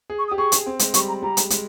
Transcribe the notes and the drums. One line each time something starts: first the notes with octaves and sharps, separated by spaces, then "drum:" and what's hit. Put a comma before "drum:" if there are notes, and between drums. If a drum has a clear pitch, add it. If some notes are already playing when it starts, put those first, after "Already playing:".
G#4
C#6
D#6
G4
G#4 C#6
G#4, drum: hi-hat
C4
G#3, drum: hi-hat
G3 C#6, drum: hi-hat
A#5
G3 A#5
G#3, drum: hi-hat
G#3, drum: hi-hat